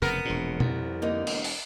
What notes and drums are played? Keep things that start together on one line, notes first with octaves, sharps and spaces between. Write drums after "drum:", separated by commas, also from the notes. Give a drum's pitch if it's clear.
F1 E2 C#3 B3 A#4
E1 A#1 A#2
C2 F2, drum: tom B2
D3 A#3 D#4
E1, drum: cymbal
drum: open hi-hat